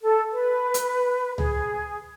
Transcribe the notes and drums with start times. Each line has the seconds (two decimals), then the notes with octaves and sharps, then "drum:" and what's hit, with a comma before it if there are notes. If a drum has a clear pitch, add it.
0.01 A4
0.32 B4
0.74 drum: hi-hat
1.38 G#4, drum: tom C#2